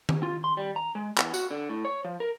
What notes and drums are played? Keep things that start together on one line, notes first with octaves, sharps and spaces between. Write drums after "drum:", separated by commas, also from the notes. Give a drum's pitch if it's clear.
drum: tom D#3
F4
C6
G3
A#5
G#3
E2, drum: clap
F#4, drum: tambourine
D3
A2
C#5
F3
A#4